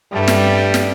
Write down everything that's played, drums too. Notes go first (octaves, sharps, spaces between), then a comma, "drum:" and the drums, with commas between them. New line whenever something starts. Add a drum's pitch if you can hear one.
G2 G3 A3
drum: snare
drum: snare